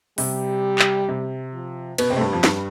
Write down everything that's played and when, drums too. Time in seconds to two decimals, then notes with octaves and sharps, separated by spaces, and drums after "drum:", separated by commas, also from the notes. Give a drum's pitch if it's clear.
0.18 C3 G3, drum: open hi-hat
0.79 drum: clap
1.09 C3
1.53 F3
1.98 B2 B3, drum: cymbal
2.10 C3 C4
2.17 A3
2.21 G2 G3
2.33 F2 F3
2.44 G2 G3, drum: snare